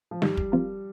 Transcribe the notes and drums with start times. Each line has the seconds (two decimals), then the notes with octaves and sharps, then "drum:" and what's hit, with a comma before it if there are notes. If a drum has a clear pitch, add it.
0.11 F3
0.22 G#2 D#3 G3 G#3 D#4, drum: snare
0.37 drum: kick
0.52 F3 C4 F4 A#4